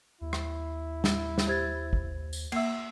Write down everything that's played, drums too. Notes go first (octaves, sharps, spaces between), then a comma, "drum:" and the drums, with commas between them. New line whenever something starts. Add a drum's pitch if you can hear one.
D#2 E4
drum: rim click
drum: snare
drum: snare
G4 C5 G#6 A6
drum: kick
drum: tambourine
A#3 E5 E6 C7, drum: cymbal